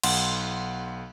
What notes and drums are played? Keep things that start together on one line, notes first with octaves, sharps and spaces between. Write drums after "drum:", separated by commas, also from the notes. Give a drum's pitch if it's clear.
B1 F#5 C6, drum: cymbal